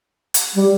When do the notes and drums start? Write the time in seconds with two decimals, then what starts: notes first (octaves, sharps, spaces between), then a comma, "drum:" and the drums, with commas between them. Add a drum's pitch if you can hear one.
0.34 drum: hi-hat
0.55 G3